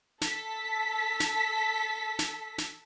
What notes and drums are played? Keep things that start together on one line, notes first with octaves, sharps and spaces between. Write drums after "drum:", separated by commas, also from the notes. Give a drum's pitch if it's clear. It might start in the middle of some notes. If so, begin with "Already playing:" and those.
A4 A5 B6, drum: snare
drum: snare
drum: snare
drum: snare